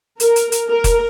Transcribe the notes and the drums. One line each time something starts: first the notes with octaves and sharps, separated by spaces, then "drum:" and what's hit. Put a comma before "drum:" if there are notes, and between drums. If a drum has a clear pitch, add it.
A#4, drum: hi-hat
drum: hi-hat
drum: hi-hat
A#4
drum: kick F1, hi-hat